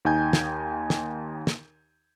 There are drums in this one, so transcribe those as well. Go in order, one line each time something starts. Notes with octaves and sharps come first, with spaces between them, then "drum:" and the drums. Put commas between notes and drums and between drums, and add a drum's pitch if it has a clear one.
D#2 D#4 G5 G#5 G6 G#6
drum: snare
drum: snare
drum: snare